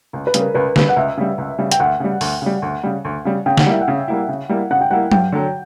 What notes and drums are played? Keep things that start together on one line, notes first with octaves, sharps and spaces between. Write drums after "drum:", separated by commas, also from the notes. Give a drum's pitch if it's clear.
C#2
B4
C#3 G3, drum: hi-hat
A#4
C#2 B4
C#3 G3 B4, drum: snare
F#5
C#2 E5
C#3 G3
C#2
C#3 G3
G5, drum: hi-hat
D2 F#5
C#3 G3
D2, drum: open hi-hat
C#3 G3
D2
C#3 G3
D2
C#3 G3
C#3 G5
F#5, drum: snare
G3 A#3 E4 E5
F#5
C#3
G3 A#3 E4
C#3
G3 A#3 E4
C#3 F#5
G5
G3 A#3 E4 F#5
G2 G5, drum: tom F#3
D3 F#3